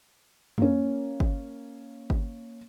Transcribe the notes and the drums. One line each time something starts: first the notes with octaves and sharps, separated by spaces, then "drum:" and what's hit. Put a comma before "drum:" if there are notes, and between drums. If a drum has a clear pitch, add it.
A#3 C#4, drum: tom F2
drum: kick G1
drum: kick G1